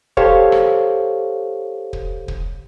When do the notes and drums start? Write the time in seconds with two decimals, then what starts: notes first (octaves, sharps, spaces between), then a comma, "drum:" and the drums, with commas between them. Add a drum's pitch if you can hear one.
0.17 G4 A4 C5 C#5 F5, drum: kick
0.52 drum: rim click
1.93 drum: kick
2.28 drum: kick